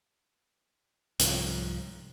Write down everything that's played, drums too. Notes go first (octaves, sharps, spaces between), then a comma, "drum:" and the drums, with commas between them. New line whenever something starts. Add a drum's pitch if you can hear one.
C2 G#2 F3, drum: hi-hat